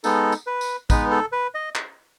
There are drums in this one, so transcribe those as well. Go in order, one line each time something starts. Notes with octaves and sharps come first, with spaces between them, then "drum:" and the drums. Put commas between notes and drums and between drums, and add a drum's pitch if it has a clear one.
G#3 B3 D#4 A4, drum: tambourine
drum: tambourine
B4
drum: tambourine
G#3 B3 D#4 B4, drum: kick, tambourine
A4
B4
D#5
drum: clap